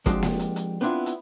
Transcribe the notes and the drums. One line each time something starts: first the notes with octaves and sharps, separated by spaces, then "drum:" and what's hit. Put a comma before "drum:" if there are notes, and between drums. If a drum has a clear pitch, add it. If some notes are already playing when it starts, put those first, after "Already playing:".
F3 G#3 C4 D4 F#4 G4, drum: kick, hi-hat
drum: snare A#3
drum: hi-hat
drum: hi-hat
B3 C4 D4 E4 F4
drum: hi-hat